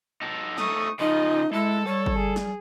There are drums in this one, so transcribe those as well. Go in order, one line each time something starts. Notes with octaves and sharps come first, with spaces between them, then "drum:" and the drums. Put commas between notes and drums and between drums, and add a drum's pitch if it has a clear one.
D#4 A4
A3 D#4 C#6 D#6, drum: snare
C#3 F3 D#4 D#5
G#3 E4 A4
G3 C#5
drum: kick
G#4
drum: snare